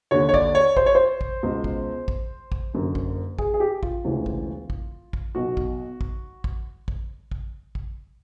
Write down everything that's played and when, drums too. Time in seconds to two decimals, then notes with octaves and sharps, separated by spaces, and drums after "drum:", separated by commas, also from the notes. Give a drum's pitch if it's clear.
0.11 D#2 D3 C#5
0.29 C#5
0.34 D5, drum: kick
0.55 C#5
0.77 C5, drum: kick
0.86 C#5
0.95 C5
1.21 drum: kick
1.43 C#2 B2
1.64 drum: kick
2.08 drum: kick
2.52 drum: kick
2.74 F#1 F#2 D3
2.95 drum: kick
3.39 G#4, drum: kick
3.54 G#4
3.60 G4
3.83 F4, drum: kick
4.04 E1 D2 C#3 E3
4.26 drum: kick
4.70 drum: kick
5.13 drum: kick
5.35 B1 B2 F#4
5.57 drum: kick
6.01 drum: kick
6.44 drum: kick
6.88 drum: kick
7.31 drum: kick
7.75 drum: kick